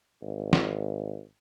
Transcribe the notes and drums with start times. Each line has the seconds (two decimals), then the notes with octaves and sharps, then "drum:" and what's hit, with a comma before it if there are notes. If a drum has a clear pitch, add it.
0.22 G#1
0.53 drum: snare